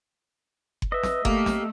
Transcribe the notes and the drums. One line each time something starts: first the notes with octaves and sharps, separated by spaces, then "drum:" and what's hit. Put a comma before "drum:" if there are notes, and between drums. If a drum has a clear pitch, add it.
drum: kick F#1
B4 D#5 E5
drum: snare
A3 A#3 G4, drum: kick F#1
drum: snare